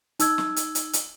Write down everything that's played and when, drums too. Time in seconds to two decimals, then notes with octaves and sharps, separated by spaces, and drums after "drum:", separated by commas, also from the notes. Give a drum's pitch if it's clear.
0.20 D#4 E6 G#6, drum: hi-hat
0.38 drum: snare
0.56 drum: hi-hat
0.75 drum: hi-hat
0.93 drum: hi-hat